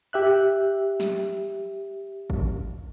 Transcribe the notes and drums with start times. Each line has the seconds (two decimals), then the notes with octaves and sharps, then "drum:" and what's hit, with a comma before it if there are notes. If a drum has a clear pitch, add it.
0.13 G4 E5 F#6
1.00 drum: snare
2.30 drum: kick G#1